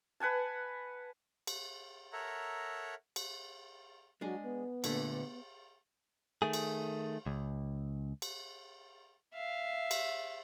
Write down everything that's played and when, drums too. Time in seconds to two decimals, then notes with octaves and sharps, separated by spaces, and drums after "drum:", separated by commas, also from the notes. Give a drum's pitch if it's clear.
0.20 B4 F#5 G#5 A5
1.47 drum: cymbal
2.13 A4 A#4 C#5 E5 F#5 A#5
3.16 drum: cymbal
4.21 F#3 G#3 D4 G#4
4.43 B3
4.84 A#2 D3 A3, drum: cymbal
6.42 D#3 A3 G#4
6.53 drum: cymbal
7.26 C#2
8.22 drum: cymbal
9.34 E5 F5
9.91 drum: cymbal